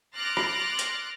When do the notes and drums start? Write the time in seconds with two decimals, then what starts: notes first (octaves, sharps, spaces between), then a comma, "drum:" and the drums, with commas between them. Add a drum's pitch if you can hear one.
0.16 C6 D6 F6 F#6 A6 A#6
0.37 drum: rim click
0.79 drum: hi-hat